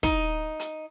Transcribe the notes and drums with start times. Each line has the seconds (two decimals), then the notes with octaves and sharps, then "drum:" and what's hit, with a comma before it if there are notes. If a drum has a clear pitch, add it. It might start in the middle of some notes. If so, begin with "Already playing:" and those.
0.03 D#4, drum: kick, hi-hat
0.59 drum: hi-hat